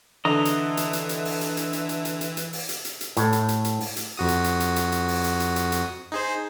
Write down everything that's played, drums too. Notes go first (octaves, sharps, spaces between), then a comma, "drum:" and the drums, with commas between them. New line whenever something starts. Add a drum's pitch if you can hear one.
D3 E3 D#5 E5 A#5
drum: hi-hat
drum: hi-hat
drum: hi-hat
drum: hi-hat
drum: open hi-hat
drum: hi-hat
drum: hi-hat
drum: hi-hat
drum: hi-hat
drum: hi-hat
drum: hi-hat
drum: hi-hat
drum: open hi-hat
drum: hi-hat
drum: hi-hat
drum: hi-hat
A2, drum: hi-hat
drum: hi-hat
drum: hi-hat
drum: hi-hat
drum: open hi-hat
drum: hi-hat
F2 F#4 D#6
drum: hi-hat
drum: hi-hat
drum: hi-hat
drum: hi-hat
drum: hi-hat
drum: open hi-hat
drum: hi-hat
drum: hi-hat
drum: hi-hat
drum: hi-hat
D#4 G#4 C5